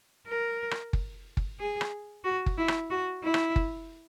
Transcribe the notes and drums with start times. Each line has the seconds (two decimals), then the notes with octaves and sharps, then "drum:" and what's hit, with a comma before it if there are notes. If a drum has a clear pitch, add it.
0.27 A#4
0.71 drum: rim click
0.93 drum: kick
1.37 drum: kick
1.59 G#4
1.81 drum: rim click
2.24 F#4
2.46 drum: kick
2.57 E4
2.68 drum: rim click
2.90 F#4
3.23 E4
3.34 drum: rim click
3.56 drum: kick